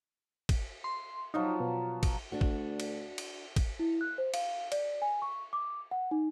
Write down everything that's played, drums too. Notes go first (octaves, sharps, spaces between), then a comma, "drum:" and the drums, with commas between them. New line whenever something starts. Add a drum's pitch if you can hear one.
drum: kick A1, cymbal
C6
F3 F#3 D#4 F4
B2
drum: kick A1, cymbal
D2 D4 F#4
drum: kick A1
drum: cymbal
drum: cymbal
drum: kick A1, cymbal
E4
F#6
C5
F5, drum: cymbal
D5, drum: cymbal
G#5
C#6
D6
F#5
D#4